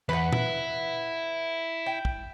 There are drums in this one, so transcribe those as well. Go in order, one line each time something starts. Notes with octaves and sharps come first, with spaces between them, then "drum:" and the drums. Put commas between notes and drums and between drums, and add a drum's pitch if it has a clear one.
E2 B4 F#5
E4, drum: tom A#2
G5
drum: kick